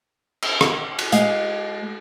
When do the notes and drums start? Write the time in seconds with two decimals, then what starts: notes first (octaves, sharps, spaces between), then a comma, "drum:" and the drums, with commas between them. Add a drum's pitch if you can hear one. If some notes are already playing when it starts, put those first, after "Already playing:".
0.42 drum: cymbal
0.61 drum: rim click
0.99 drum: cymbal
1.12 G#3 F5, drum: hi-hat